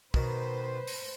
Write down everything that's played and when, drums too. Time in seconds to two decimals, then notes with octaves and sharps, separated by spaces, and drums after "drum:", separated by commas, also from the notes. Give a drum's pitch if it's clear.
0.14 B2 D#3 B4 C5, drum: kick
0.87 drum: open hi-hat